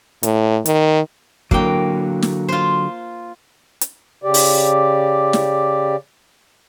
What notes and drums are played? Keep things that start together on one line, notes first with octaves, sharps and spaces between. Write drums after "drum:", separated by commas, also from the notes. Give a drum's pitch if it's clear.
A2, drum: hi-hat
D#3, drum: hi-hat
D3 F#3 A#3 G5, drum: kick
drum: snare
F4 C5
drum: hi-hat
C#3 G4 D5
drum: open hi-hat
drum: snare